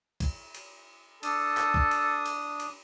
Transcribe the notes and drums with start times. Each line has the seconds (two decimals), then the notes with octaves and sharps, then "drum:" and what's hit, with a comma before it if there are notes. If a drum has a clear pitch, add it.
0.20 drum: kick, cymbal
0.55 drum: cymbal
1.23 D4 A4 D#6, drum: cymbal
1.57 drum: clap
1.74 drum: kick
1.91 drum: cymbal
2.26 drum: cymbal
2.60 drum: cymbal